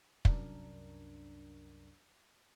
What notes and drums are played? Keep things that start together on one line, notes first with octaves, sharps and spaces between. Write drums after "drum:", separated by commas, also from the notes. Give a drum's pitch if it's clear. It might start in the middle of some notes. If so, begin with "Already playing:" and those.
C2 F#2 D4 A#4, drum: kick